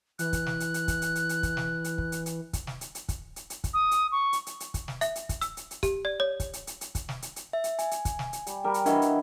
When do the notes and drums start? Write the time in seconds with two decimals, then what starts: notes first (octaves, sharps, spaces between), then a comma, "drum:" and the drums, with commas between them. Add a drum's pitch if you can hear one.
0.19 E3 F#6, drum: hi-hat
0.33 drum: kick, hi-hat
0.46 drum: snare
0.60 drum: hi-hat
0.74 drum: hi-hat
0.88 drum: kick, hi-hat
1.02 drum: hi-hat
1.15 drum: hi-hat
1.29 drum: hi-hat
1.43 drum: kick, hi-hat
1.57 drum: snare
1.84 drum: hi-hat
1.98 drum: kick
2.12 drum: hi-hat
2.26 drum: hi-hat
2.53 drum: kick, hi-hat
2.67 drum: snare
2.81 drum: hi-hat
2.95 drum: hi-hat
3.09 drum: kick, hi-hat
3.36 drum: hi-hat
3.50 drum: hi-hat
3.64 drum: kick, hi-hat
3.74 D#6
3.91 drum: hi-hat
4.12 C#6
4.33 drum: hi-hat
4.47 drum: hi-hat
4.60 drum: hi-hat
4.74 drum: kick, hi-hat
4.88 drum: snare
5.01 E5, drum: hi-hat
5.15 drum: hi-hat
5.29 drum: kick, hi-hat
5.41 E6, drum: hi-hat
5.57 drum: hi-hat
5.71 drum: hi-hat
5.83 G4, drum: kick, hi-hat
6.05 D5
6.20 C#5
6.40 drum: kick, hi-hat
6.53 drum: hi-hat
6.67 drum: hi-hat
6.81 drum: hi-hat
6.95 drum: kick, hi-hat
7.09 drum: snare
7.22 drum: hi-hat
7.36 drum: hi-hat
7.53 E5
7.64 drum: hi-hat
7.79 G#5, drum: hi-hat
7.91 drum: hi-hat
8.05 drum: kick, hi-hat
8.19 drum: snare
8.33 drum: hi-hat
8.47 G3, drum: hi-hat
8.64 G3 A#4
8.74 drum: hi-hat
8.86 E3 D4 F#4 A#4 D#5 B5, drum: hi-hat
9.02 drum: hi-hat